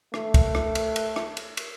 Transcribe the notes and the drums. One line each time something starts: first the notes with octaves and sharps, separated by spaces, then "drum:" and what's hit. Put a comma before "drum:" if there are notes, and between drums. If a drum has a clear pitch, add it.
A3, drum: rim click
drum: kick C#2, cymbal
drum: rim click
drum: cymbal
drum: cymbal
drum: rim click
drum: cymbal
drum: cymbal